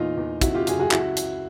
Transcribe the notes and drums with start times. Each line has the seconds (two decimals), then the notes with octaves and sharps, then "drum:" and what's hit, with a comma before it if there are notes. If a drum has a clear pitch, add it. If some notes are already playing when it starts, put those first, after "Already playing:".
Already playing: E2 A#2 D#4 F4
0.17 E2
0.41 C3 E4 F#4, drum: kick, hi-hat
0.54 F4 G4
0.67 F#1 F#4 G#4, drum: hi-hat
0.79 F#4 G#4
0.91 C#2 E4 F#4, drum: clap
1.17 drum: hi-hat